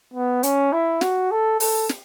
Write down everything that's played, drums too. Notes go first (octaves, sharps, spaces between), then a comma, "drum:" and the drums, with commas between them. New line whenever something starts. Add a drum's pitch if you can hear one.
B3
C#4, drum: hi-hat
E4
F#4, drum: snare
A4
A4, drum: open hi-hat
drum: snare